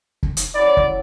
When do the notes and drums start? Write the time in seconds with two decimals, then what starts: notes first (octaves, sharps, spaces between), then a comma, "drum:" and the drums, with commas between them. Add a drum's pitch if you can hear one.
0.23 drum: kick
0.37 drum: hi-hat
0.55 F#3 C#4 E4 D5
0.77 drum: kick